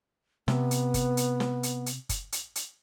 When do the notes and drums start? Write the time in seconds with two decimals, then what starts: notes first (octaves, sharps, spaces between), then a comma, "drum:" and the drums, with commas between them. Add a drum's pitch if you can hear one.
0.48 C3 B3, drum: snare
0.71 drum: hi-hat
0.94 drum: kick F#1, hi-hat
1.17 drum: hi-hat
1.40 drum: snare
1.63 drum: hi-hat
1.86 drum: hi-hat
2.09 drum: kick F#1, hi-hat
2.32 drum: hi-hat
2.55 drum: hi-hat